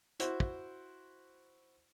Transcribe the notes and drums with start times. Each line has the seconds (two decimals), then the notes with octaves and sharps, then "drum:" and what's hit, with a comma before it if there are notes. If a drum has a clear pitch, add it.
0.20 E4 F#4 C5, drum: hi-hat
0.40 drum: kick